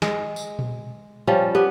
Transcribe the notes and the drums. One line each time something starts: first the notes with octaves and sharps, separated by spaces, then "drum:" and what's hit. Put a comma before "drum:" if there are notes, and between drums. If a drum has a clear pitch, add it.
G#3, drum: snare
drum: tambourine
drum: tom A#2
F3 G3 C#4
B3 G4